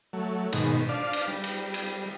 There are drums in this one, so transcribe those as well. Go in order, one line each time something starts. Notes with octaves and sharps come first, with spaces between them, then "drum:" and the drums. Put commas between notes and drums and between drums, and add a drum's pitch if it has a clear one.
F#3 A3
G#2 B2 D#3, drum: cymbal
D4 D5 F5
drum: cymbal
G3
drum: cymbal
drum: cymbal